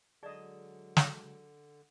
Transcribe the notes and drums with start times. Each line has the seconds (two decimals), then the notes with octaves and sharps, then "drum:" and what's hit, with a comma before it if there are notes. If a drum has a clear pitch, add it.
0.23 D3 F#3 G#3 G#4 D5 D#5 A5
0.97 drum: snare